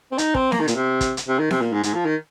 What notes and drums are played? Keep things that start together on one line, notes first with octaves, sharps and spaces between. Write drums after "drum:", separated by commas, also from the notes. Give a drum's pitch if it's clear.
C4
D#4, drum: hi-hat
C4, drum: kick
A#3, drum: snare B3
D#3
A#2, drum: hi-hat
C3
drum: kick, hi-hat
drum: hi-hat
C3
D#3
C3, drum: snare B3
A#2
G#2
G#2, drum: hi-hat
F3
D#3